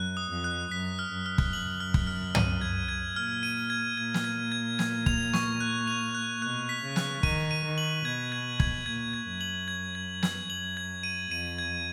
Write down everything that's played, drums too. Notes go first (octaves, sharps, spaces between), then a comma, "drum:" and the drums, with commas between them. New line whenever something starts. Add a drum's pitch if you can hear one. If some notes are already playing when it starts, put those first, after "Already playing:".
Already playing: F#2 F#6
D#6
F2
F#6
F#2 B6
F6
F#2
F6
drum: kick
F#7
F6
drum: kick
F6
D#7, drum: tom
G#6
G#6
A#2 F6
D#7
G#6
A#2 G#6
drum: snare
G#6
G#6
G#6, drum: snare
F7, drum: kick
C#6, drum: snare
F#6
F7
F#6
B2 F#6
B6
C#3
F#6, drum: snare
D#3 D#7, drum: kick
D#7
D#3
F#7
B2 G#6
G#6
G#6, drum: kick
A#2 G#6
G#6
F#2
F#7
G#6
G#6
G#6, drum: snare
F#2 F#7
G#6
D#7
F2 D#7
G#6